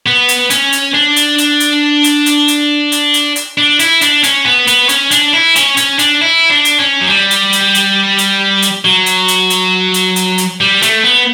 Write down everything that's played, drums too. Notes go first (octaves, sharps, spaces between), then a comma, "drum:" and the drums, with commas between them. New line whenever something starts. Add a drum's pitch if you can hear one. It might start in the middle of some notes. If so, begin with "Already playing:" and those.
B3
drum: hi-hat
C#4, drum: hi-hat
drum: hi-hat
D4
drum: hi-hat
drum: hi-hat
drum: hi-hat
drum: hi-hat
drum: hi-hat
drum: hi-hat
drum: hi-hat
drum: hi-hat
drum: hi-hat
D4
E4, drum: hi-hat
D4, drum: hi-hat
C#4, drum: hi-hat
B3
B3, drum: hi-hat
C#4, drum: hi-hat
D4, drum: hi-hat
E4
C#4, drum: hi-hat
C#4, drum: hi-hat
D4, drum: hi-hat
E4
D4
drum: hi-hat
C#4
F#3
G3
drum: hi-hat
drum: hi-hat
drum: hi-hat
drum: hi-hat
drum: hi-hat
F#3
drum: hi-hat
drum: hi-hat
drum: hi-hat
drum: hi-hat
drum: hi-hat
drum: hi-hat
G3
A3, drum: hi-hat
B3